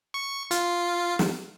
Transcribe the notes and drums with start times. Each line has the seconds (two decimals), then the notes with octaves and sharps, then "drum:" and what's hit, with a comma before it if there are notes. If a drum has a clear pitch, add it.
0.14 C#6
0.51 F4, drum: hi-hat
1.19 drum: snare